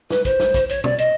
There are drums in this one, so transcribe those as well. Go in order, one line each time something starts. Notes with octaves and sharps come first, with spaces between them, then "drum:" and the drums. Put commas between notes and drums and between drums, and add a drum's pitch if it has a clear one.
B4, drum: snare
C5, drum: kick A#1, hi-hat
drum: snare
drum: kick A#1, hi-hat
C#5, drum: hi-hat
D5, drum: tom
D#5, drum: hi-hat